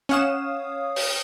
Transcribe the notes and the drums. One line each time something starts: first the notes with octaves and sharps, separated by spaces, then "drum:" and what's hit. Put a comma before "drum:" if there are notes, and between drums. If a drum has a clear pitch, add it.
C#4 C#5 F5 F#5 D#6 E7
drum: open hi-hat